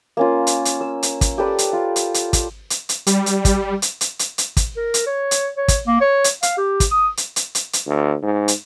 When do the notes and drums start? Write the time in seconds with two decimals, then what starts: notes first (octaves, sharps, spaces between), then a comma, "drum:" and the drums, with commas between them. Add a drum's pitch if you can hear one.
0.17 A#3 C#4 F4
0.47 drum: hi-hat
0.65 drum: hi-hat
0.81 E6
1.03 drum: hi-hat
1.21 drum: kick, hi-hat
1.38 G4 A4 B4 D5
1.58 drum: hi-hat
1.73 F4
1.96 drum: hi-hat
2.14 drum: hi-hat
2.33 drum: kick, hi-hat
2.70 drum: hi-hat
2.89 drum: hi-hat
3.07 G3, drum: hi-hat
3.26 drum: hi-hat
3.45 drum: kick, hi-hat
3.82 drum: hi-hat
4.01 drum: hi-hat
4.19 drum: hi-hat
4.38 drum: hi-hat
4.57 drum: kick, hi-hat
4.76 A#4
4.94 drum: hi-hat
5.06 C#5
5.31 drum: hi-hat
5.57 C#5
5.68 drum: kick, hi-hat
5.87 A#3
6.01 C#5
6.24 drum: hi-hat
6.43 F5, drum: hi-hat
6.58 G4
6.80 drum: kick, hi-hat
6.91 D#6
7.17 drum: hi-hat
7.36 drum: hi-hat
7.55 drum: hi-hat
7.73 drum: hi-hat
7.87 D2
8.23 G#2
8.48 drum: hi-hat